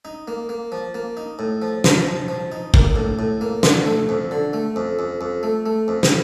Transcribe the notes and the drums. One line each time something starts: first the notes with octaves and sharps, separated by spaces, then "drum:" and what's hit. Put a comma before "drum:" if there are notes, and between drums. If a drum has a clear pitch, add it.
D#4
A#3
A#3
F3
A#3
D#4
A2
F3
F3, drum: snare
F3
F3
D#4
A#3, drum: kick
A2
A2
A#3
D3, drum: snare
A3
F2
D3
A3
F2
F2
F2
A3
A3
F2
drum: snare